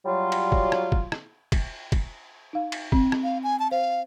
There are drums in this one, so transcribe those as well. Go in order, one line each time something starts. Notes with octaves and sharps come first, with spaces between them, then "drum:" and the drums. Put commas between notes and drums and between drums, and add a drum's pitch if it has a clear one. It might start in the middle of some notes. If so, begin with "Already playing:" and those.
F#3 G3 F4
drum: cymbal
drum: kick
drum: rim click
drum: kick
drum: rim click
drum: kick, cymbal
drum: kick, cymbal
D#4 F5
drum: cymbal
C4, drum: kick
drum: rim click
F5
G#5
A5
C5 F5